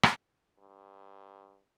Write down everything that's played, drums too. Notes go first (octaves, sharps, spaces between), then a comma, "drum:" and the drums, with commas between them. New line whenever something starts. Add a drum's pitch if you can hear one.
drum: rim click
G2